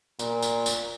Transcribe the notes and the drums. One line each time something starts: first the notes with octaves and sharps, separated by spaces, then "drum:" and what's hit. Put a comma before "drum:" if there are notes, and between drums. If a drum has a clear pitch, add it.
A#2, drum: tambourine
drum: tambourine
drum: tambourine